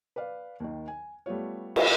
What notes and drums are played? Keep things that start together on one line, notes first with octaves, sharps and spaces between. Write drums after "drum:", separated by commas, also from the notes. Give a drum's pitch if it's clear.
B4 D5 F5
D#2 D#3
G#5
G3 A3 B3 F4 C#5
drum: cymbal